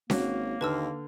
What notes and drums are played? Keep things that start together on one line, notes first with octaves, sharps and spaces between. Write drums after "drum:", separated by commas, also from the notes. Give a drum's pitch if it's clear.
G#1 A#3 C#4 F#4, drum: snare C#4
D#2 D3 B4 A5 E6 F6